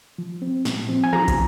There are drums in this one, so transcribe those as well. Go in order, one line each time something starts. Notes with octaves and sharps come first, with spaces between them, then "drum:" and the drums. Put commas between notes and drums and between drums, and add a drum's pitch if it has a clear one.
F3
C4
A#2, drum: snare
F3 C4
G#5
F3 A#5, drum: tom
drum: kick, hi-hat